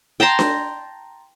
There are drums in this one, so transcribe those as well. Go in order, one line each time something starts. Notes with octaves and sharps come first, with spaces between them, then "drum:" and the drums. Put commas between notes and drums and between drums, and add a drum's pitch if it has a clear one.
G5 A5 A#5 C6
drum: snare D4